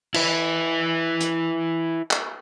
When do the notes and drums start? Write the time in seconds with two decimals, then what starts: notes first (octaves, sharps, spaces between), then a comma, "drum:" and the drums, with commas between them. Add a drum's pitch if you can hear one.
0.14 E4 B4, drum: cymbal
1.21 drum: hi-hat
2.11 drum: clap